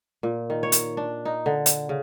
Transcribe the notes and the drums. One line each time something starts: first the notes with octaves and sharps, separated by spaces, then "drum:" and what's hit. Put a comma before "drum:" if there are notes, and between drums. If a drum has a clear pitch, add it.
A#2
D#3
C#5
drum: hi-hat
D4
D#4
D3
drum: hi-hat
C#3